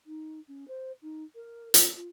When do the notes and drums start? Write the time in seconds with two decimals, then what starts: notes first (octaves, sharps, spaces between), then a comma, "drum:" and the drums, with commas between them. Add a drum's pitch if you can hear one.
0.06 D#4
0.48 C#4
0.68 C5
1.02 D#4
1.35 A#4
1.74 F4, drum: hi-hat
1.95 F4